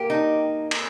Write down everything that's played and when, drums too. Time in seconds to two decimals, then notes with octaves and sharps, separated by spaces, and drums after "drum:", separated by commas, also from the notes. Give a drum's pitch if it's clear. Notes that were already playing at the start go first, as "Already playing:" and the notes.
Already playing: A#3 G4
0.10 D#4
0.71 drum: cymbal